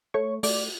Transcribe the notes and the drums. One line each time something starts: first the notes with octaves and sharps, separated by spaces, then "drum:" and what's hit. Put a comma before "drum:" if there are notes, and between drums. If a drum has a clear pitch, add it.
A3 C#5 C#6
A3 D5 D6, drum: open hi-hat